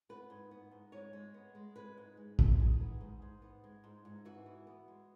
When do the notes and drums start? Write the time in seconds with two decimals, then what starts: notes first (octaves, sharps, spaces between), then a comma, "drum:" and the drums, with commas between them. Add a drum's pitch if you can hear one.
0.09 B3 B4
0.30 G#2
0.51 B3
0.71 G#2
0.92 G#3 C#5
1.13 G#3
1.34 B3
1.55 G#3
1.76 G#3 B4
1.97 G#2
2.17 G#3
2.39 G#3, drum: kick A#1
2.59 G#2 G#4
2.81 B3
3.01 G#2
3.22 G#2
3.42 B3
3.64 G#3
3.84 G#2
4.05 G#2
4.25 E3 F#4
4.46 B3
4.67 B3
4.88 G#3